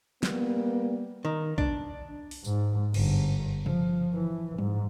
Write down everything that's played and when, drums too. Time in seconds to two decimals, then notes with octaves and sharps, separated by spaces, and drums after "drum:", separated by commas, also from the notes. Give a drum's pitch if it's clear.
0.23 G3 A#3 B3, drum: snare
1.25 D#3
1.58 D4, drum: kick
2.31 drum: open hi-hat
2.44 G#2, drum: tambourine
2.94 G1, drum: cymbal
3.66 F3, drum: tom C3
4.14 E3
4.58 G#2, drum: tom F#3